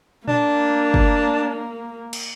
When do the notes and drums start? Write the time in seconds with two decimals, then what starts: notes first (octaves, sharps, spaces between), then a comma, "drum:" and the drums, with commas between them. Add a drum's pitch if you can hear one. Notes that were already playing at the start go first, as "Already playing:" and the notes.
0.28 A#3 D4, drum: tom A#2
0.94 drum: kick
2.13 drum: cymbal